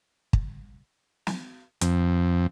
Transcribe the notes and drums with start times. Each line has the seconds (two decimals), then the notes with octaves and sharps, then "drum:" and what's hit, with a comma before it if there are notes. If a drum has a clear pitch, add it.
0.33 drum: kick
1.27 drum: snare
1.81 F2, drum: hi-hat